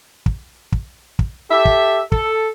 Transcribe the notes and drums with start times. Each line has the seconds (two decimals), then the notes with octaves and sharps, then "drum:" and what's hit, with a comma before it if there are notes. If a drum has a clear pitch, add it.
0.26 drum: kick
0.72 drum: kick
1.19 drum: kick
1.51 G4 A4 E5
1.65 drum: kick
2.12 A4, drum: kick